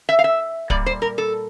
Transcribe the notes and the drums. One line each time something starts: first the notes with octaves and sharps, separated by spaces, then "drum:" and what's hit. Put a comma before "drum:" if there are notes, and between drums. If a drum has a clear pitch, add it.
E5
F5
E5
A#2 G3 D5, drum: kick
C5
A#4
A4